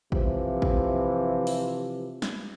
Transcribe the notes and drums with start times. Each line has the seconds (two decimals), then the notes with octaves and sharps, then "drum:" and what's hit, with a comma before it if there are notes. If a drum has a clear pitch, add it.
0.12 C3 E3 F3, drum: kick A1
0.62 drum: kick A1
1.47 drum: open hi-hat
2.22 drum: snare